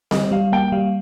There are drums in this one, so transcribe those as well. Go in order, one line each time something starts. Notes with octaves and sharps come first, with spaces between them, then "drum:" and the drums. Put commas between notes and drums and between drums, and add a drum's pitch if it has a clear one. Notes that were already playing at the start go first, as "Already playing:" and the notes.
G3 D#5, drum: snare C4
G3 F5
A#3 G5
G3 F5